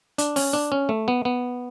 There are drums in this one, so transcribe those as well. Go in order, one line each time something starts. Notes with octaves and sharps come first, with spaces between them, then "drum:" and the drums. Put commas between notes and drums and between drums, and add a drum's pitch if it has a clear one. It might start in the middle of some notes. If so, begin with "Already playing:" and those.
D4, drum: hi-hat
C#4, drum: open hi-hat
D4
C#4
A3
B3
B3